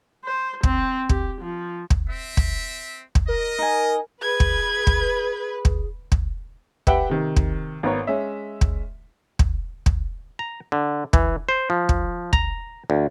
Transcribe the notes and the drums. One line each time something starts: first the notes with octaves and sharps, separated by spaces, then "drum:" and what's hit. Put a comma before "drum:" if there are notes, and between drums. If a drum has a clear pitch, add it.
C5
C4, drum: kick
G4, drum: kick
F3
drum: kick
C4 E5
drum: kick
drum: kick
A#4 D#5
D#4 G#5
G#4 B4 G#6
drum: kick
drum: kick
drum: kick
drum: kick
G4 B4 E5 F#5 G5, drum: kick
C3 D#3
drum: kick
G#1 B3 A#4 C#5
G#3 C#4 E5
drum: kick
drum: kick
drum: kick
A#5
D3
E3, drum: kick
C5
F3
drum: kick
A#5, drum: kick
D2